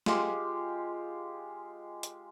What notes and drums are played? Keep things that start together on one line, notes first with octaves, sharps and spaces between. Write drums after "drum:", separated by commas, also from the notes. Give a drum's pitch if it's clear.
G#3 F4 G4, drum: snare
drum: hi-hat